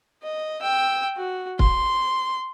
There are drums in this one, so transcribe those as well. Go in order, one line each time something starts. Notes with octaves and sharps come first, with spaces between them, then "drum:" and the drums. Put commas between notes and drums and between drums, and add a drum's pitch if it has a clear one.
D#5
G5 E6
F#4
C6, drum: kick